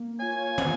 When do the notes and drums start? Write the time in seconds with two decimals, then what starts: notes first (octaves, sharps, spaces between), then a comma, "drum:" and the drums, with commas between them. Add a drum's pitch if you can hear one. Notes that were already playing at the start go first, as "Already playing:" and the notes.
Already playing: A#3
0.19 F4 C#5 G#5
0.58 A#3, drum: tom